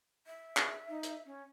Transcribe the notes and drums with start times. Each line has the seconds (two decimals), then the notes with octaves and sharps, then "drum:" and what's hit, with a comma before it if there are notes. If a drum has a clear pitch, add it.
0.27 E5
0.57 G#4, drum: clap
0.89 D#4
1.03 drum: hi-hat
1.26 C#4